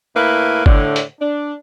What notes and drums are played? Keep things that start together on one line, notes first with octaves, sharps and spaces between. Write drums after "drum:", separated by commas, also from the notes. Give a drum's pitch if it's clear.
A2 A#3 E4 B4
A2 D3, drum: kick G1
drum: hi-hat
D4